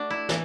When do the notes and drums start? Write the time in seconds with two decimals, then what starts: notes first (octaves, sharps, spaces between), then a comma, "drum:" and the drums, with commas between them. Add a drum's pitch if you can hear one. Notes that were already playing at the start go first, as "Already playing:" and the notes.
Already playing: A3 D4 F#4
0.10 E4
0.29 E3, drum: snare